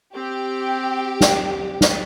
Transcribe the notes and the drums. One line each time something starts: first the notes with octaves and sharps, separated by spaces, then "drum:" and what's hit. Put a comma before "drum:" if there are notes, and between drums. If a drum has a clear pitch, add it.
C4 G4 G5
drum: snare
drum: snare